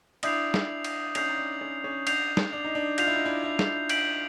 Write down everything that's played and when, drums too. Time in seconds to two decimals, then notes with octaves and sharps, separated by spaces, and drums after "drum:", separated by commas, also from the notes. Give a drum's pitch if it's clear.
0.23 D4 E4 D#6 G6 C7 F7, drum: cymbal
0.54 drum: snare
0.84 drum: cymbal
1.15 C#4 D#4 D#6 G6 C7 F7, drum: cymbal
1.29 D#4
1.38 D4
1.61 C#4
1.84 C#4
2.07 D4 G6 C7 F7, drum: cymbal
2.37 drum: snare
2.53 D4
2.64 D#4
2.75 D4
2.98 F4 G6 C7 F7, drum: cymbal
3.07 E4
3.16 D#4
3.25 D4 E4
3.43 D4 E4
3.59 drum: snare
3.89 G6 B6 D7 F#7, drum: cymbal